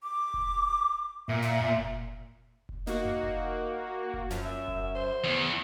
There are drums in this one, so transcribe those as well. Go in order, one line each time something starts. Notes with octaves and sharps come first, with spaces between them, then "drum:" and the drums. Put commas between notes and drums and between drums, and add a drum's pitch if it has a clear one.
D6
drum: kick F1
A#2 E5
drum: snare
drum: tom F2
drum: kick F1
drum: kick F1
A#3 D#4 F#4, drum: snare
drum: tom F2
drum: kick F1
drum: kick F1
F#2 F3, drum: snare
E5
drum: kick F1
C5
E2